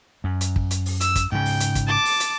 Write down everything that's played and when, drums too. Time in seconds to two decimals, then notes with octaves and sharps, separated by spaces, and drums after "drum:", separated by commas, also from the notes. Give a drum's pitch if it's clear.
0.24 F#2
0.41 drum: hi-hat
0.56 drum: kick
0.71 drum: hi-hat
0.86 drum: open hi-hat
1.01 E6, drum: hi-hat
1.16 drum: kick, hi-hat
1.32 G#2 C#3 G5
1.45 drum: open hi-hat
1.60 drum: hi-hat
1.75 drum: kick, hi-hat
1.87 A5 D6
2.05 drum: open hi-hat
2.20 drum: hi-hat